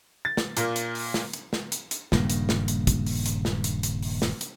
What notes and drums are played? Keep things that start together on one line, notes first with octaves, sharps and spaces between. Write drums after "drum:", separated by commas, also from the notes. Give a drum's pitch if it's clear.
A6
drum: snare
A#2 A#3, drum: hi-hat
drum: hi-hat
drum: open hi-hat
drum: snare
drum: hi-hat
drum: snare
drum: hi-hat
drum: hi-hat
D#1 G2 C#3 A#3, drum: snare
drum: hi-hat
drum: snare
drum: hi-hat
drum: kick, hi-hat
drum: open hi-hat
drum: hi-hat
drum: snare
drum: hi-hat
drum: hi-hat
drum: open hi-hat
drum: snare
drum: hi-hat